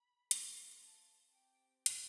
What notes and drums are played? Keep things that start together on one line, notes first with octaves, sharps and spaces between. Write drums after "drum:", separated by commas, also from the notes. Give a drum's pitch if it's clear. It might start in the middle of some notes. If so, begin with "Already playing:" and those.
Already playing: B5
C4 F4 A4, drum: hi-hat
A5
C4 G4 G5
drum: hi-hat